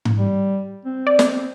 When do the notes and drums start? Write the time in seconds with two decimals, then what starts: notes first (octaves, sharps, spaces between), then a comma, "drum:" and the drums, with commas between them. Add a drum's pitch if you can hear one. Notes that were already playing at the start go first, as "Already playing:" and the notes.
0.05 drum: tom G#2
0.18 G3
0.85 C4
1.07 D5
1.19 drum: snare